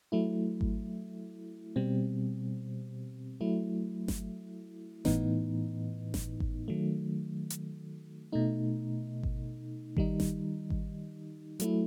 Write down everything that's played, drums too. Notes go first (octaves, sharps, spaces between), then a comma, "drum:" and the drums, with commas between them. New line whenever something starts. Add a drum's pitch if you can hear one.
F#3 A3 E4
drum: kick G#1
B2 G3 C4
F#3 A3 E4
drum: snare G1
A2 E3 B3 D#4, drum: snare G1
drum: snare G1
drum: kick G#1
D#3 F#3 A3
drum: hi-hat
B2 A3 D#4
drum: kick G#1
D#3 G3 D#4, drum: kick G#1
drum: snare G1
drum: kick G#1
F#3 A3 E4, drum: hi-hat